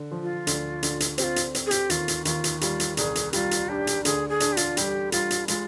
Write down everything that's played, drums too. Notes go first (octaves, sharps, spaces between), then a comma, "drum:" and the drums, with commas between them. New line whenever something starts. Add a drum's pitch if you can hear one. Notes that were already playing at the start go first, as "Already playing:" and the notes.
Already playing: D3
F3
F4
D2, drum: hi-hat
D2, drum: hi-hat
drum: hi-hat
C4 G4, drum: hi-hat
F4
drum: hi-hat
C4, drum: hi-hat
G#4
G4, drum: hi-hat
D#2 F4, drum: hi-hat
drum: hi-hat
D#2 F4, drum: hi-hat
drum: hi-hat
G3 F4, drum: hi-hat
drum: hi-hat
C2 G#4, drum: hi-hat
drum: hi-hat
G3 F4, drum: hi-hat
drum: hi-hat
D4 G4
drum: hi-hat
D2 G#4, drum: hi-hat
G#4
D4, drum: hi-hat
G4
F4, drum: hi-hat
G3 G4, drum: hi-hat
G3 F4, drum: hi-hat
drum: hi-hat
G#3 F4, drum: hi-hat